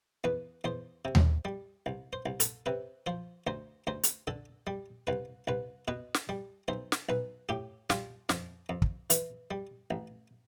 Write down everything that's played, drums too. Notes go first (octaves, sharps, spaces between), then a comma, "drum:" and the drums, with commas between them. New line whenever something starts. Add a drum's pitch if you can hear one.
E2 B4
E2 C5
C3
drum: tom D#2
G3
C2
C5
C2
A4, drum: hi-hat
C3 B4
F3 C5
D2 C5
D2 C5
drum: hi-hat
D3 A4
G3
C2 B4
C2 B4
B2 B4
drum: snare
G3
B1 C5
drum: snare
B1 B4
A2 G4
G3 F4, drum: snare
F2, drum: snare
F2
drum: kick
E3, drum: hi-hat
G3
A1